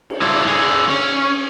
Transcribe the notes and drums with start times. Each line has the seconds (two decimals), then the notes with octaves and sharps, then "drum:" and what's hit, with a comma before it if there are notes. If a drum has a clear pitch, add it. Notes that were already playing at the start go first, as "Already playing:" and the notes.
0.10 drum: cymbal
0.22 G3 D4 E4 F4
0.47 D3 G#4
0.90 C#4